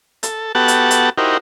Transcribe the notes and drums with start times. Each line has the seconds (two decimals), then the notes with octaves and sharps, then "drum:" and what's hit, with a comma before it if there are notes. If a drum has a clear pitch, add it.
0.23 A4, drum: hi-hat
0.55 B3 F#4 G4 A4 F#5 A5
0.68 drum: hi-hat
0.91 drum: hi-hat
1.18 D#4 E4 F#4 G4 A#4 C5